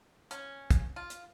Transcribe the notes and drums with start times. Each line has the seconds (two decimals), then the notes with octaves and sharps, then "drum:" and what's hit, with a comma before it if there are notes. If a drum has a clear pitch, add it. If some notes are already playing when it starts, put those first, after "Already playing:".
0.31 C#4, drum: hi-hat
0.71 drum: kick, hi-hat
0.96 F4
1.10 drum: hi-hat